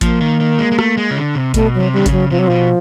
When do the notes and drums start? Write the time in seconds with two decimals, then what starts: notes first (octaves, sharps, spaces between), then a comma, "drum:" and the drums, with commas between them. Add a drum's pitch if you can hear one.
0.01 F3 A#3, drum: kick A1, hi-hat
0.21 D#3
0.40 D#3
0.59 G#3
0.72 G#3
0.79 A3, drum: rim click
0.97 G#3
1.11 C#3
1.16 D3
1.35 C3
1.54 B2 A3, drum: kick A1, hi-hat
1.74 F#3
1.80 C3
1.93 D3 G3
2.06 C#3, drum: kick A1, hi-hat
2.12 F#3
2.31 C3 F3
2.39 F#3
2.48 B2 F3